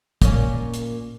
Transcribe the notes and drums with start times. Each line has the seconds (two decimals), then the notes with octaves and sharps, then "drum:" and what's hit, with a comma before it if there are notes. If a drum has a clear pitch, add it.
0.22 A#2 C#4, drum: kick, hi-hat
0.74 drum: hi-hat